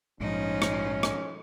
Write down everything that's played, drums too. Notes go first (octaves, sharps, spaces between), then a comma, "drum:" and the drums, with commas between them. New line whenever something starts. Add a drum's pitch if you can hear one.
A#1 G#2 F3 C#4 D#4
drum: rim click
drum: rim click